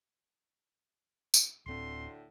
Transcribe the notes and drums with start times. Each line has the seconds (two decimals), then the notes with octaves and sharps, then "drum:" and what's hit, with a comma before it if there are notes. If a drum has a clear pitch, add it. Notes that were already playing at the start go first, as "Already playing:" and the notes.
1.34 drum: tambourine
1.66 D1 D2 A2 D3 C4 C6